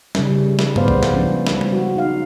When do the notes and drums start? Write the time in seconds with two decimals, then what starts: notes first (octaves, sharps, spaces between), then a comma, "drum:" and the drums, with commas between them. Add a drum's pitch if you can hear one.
0.15 C#3 G3 C#4, drum: snare
0.59 drum: snare
0.76 G#3 B3 B4 C5 D5 F5, drum: tom G2
0.88 drum: kick
1.03 drum: snare
1.13 F3 C#4 D4
1.47 drum: snare
1.61 drum: tom G3
1.72 F#4
1.96 D#4 F5